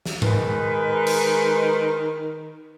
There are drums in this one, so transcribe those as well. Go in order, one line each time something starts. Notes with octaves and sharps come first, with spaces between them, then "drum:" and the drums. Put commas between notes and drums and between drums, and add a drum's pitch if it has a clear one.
drum: snare
D#3 G#3 B4, drum: tom G#2
drum: cymbal